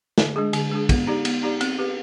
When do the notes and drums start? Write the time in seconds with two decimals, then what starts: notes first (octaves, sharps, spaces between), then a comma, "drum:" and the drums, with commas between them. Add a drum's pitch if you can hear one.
0.18 D3, drum: snare
0.36 G#3 D4 G#4
0.53 D3, drum: cymbal
0.71 G#3 D4 G#4
0.89 B3, drum: kick, cymbal
1.07 D#4 G4 D5
1.25 B3, drum: cymbal
1.43 D#4 G4 D5
1.61 C4, drum: cymbal
1.78 G4 B4